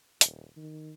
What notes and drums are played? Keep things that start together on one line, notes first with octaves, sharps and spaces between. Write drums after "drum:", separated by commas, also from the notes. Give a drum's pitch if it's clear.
D#1, drum: hi-hat
D#3